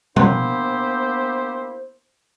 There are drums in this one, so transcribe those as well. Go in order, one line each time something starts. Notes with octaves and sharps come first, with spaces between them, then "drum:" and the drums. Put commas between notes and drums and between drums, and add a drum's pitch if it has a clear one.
A#3 B3 D4 E4 G4 C5, drum: tom